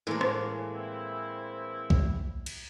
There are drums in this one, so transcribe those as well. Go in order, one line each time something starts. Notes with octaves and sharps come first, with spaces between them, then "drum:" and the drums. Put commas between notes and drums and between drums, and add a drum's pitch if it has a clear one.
A2 E3 G#3 A#3 A#4
drum: rim click
C4 E4
drum: kick B1
drum: cymbal